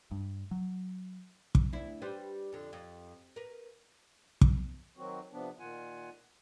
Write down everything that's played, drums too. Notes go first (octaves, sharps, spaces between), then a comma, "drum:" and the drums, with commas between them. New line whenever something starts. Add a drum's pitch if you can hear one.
G2
F#3
drum: kick
D2 E4
G3 B4 C5
F2 D3
F2
A#4 B4
drum: kick
D#3 F#3 C4 F#4
C3 F3 B3 D4
A#2 D#3 F4 F#5 G#5